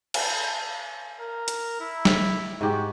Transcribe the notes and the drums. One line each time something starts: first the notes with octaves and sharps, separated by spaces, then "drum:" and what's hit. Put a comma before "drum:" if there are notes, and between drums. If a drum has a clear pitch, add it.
drum: cymbal
A#4
drum: hi-hat
E4
drum: snare
G#2 F#4 G4